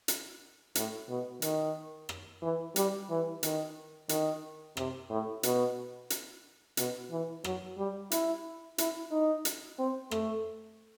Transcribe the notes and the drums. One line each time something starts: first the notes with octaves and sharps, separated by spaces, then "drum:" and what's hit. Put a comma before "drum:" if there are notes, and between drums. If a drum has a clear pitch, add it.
drum: hi-hat
A2, drum: hi-hat
B2
D#3, drum: hi-hat
drum: rim click
E3
G3, drum: hi-hat
E3
D#3, drum: hi-hat
D#3, drum: hi-hat
C3, drum: rim click
A2
B2, drum: hi-hat
drum: hi-hat
B2, drum: hi-hat
E3
F#3, drum: rim click
G3
E4, drum: hi-hat
E4, drum: hi-hat
D#4
drum: hi-hat
C4
A3, drum: rim click